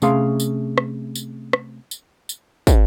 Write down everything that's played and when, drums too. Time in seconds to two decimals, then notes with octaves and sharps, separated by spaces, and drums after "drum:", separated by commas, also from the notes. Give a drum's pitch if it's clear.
0.02 C3 A3 C#4 G#4 F5 C6, drum: tambourine
0.40 drum: tambourine
0.78 drum: rim click
1.15 drum: tambourine
1.53 drum: rim click
1.91 drum: tambourine
2.29 drum: tambourine
2.67 drum: kick, tambourine